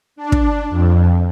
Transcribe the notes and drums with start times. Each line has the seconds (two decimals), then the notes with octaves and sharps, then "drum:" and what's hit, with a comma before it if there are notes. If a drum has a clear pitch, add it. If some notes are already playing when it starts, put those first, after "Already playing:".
0.16 D4
0.32 drum: kick
0.69 F2